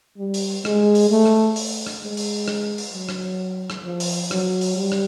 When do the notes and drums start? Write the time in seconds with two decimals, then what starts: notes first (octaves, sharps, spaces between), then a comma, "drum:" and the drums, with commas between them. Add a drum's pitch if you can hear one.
0.18 G3
0.34 drum: open hi-hat
0.65 G#3, drum: rim click
0.95 drum: open hi-hat
1.10 A3
1.25 drum: rim click
1.56 drum: open hi-hat
1.87 drum: rim click
2.01 G#3
2.17 drum: open hi-hat
2.48 drum: rim click
2.78 drum: open hi-hat
2.93 F#3
3.09 drum: rim click
3.70 drum: rim click
3.85 F3
4.00 drum: open hi-hat
4.31 F#3, drum: rim click
4.61 drum: open hi-hat
4.77 G3
4.92 drum: rim click